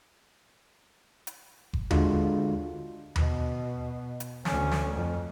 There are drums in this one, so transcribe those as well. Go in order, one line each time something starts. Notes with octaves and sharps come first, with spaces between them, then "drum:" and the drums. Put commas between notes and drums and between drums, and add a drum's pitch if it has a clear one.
drum: hi-hat
drum: kick F#1
D3 G#3 D4 F4 F#4, drum: tom D#2
B2, drum: tom D#2
drum: hi-hat
D2 C#4, drum: snare
drum: snare
F2